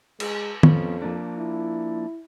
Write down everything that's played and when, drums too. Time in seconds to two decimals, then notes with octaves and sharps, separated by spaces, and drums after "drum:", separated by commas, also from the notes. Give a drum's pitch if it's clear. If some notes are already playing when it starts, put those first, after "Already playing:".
0.20 G#3, drum: cymbal
0.63 F2 F3 B3 C#4, drum: tom D#3
1.02 F3 A#3 D4
1.38 E4